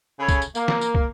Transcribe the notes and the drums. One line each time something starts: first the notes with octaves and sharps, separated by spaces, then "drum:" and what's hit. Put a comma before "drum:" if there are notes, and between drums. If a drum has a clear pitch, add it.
C#3 G#4 A4 C#5 B5
drum: kick, tambourine
drum: tambourine
A#3, drum: tambourine
drum: snare
drum: tambourine
drum: kick